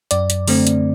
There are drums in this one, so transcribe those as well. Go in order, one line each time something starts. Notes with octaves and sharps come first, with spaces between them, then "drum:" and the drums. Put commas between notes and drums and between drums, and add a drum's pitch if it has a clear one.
F#2 D5, drum: hi-hat
drum: hi-hat
D3 A3 C4, drum: open hi-hat
drum: hi-hat